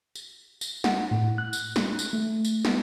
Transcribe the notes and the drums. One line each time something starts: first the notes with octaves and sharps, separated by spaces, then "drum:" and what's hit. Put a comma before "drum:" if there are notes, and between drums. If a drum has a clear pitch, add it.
drum: tambourine
drum: tambourine
F#5, drum: snare
A2
F#6
drum: tambourine
drum: snare
drum: tambourine
A3
drum: tambourine
B3, drum: snare